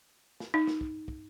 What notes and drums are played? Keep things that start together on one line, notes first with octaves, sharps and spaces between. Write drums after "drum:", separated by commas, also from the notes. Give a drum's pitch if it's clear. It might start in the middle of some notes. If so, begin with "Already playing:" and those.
drum: snare
D#4
drum: snare
drum: kick
drum: kick